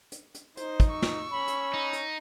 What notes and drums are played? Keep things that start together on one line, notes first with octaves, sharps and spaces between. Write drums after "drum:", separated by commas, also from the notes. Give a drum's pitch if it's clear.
drum: hi-hat
drum: hi-hat
D#4 C5, drum: hi-hat
drum: kick, hi-hat
C#6 E6
drum: snare
C#4 B5
drum: hi-hat
D#4
drum: hi-hat